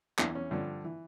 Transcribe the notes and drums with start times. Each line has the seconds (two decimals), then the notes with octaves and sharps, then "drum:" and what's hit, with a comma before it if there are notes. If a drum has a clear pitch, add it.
0.19 E2 E3 D4, drum: clap
0.35 C#4
0.51 G2 D3 F3
0.84 E3